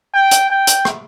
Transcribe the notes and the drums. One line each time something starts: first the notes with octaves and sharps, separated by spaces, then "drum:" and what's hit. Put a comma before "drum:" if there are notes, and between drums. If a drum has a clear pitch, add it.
G5
drum: hi-hat
G5
drum: hi-hat
drum: rim click